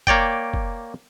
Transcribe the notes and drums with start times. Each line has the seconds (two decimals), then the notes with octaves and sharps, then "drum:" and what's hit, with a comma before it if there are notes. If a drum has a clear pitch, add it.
0.07 A#3 C#5 D5 G5, drum: kick
0.54 drum: kick